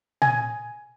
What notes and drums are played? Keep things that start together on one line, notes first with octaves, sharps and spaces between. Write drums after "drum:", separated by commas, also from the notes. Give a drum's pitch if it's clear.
G#5, drum: tom A#2